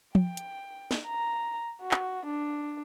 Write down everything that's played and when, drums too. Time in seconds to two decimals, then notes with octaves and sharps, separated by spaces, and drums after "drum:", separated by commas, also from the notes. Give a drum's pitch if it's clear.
0.15 G5, drum: tom F3
0.37 drum: hi-hat
0.91 drum: snare
1.06 A#5
1.81 F#4
1.91 drum: clap
2.26 D4